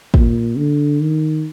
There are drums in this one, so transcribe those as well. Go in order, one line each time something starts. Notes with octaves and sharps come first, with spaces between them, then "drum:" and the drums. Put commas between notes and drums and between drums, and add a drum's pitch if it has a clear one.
A#2, drum: kick
D3
D#3